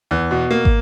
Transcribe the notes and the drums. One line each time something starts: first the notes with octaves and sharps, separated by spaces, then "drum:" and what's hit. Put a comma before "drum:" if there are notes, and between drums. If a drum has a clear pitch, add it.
E2
B2
A#3
drum: kick